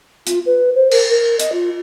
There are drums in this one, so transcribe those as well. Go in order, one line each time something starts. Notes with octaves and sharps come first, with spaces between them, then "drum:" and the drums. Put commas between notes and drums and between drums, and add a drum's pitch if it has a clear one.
F4, drum: hi-hat
B4
C5
A#4, drum: cymbal
A#4
D#5, drum: hi-hat
F4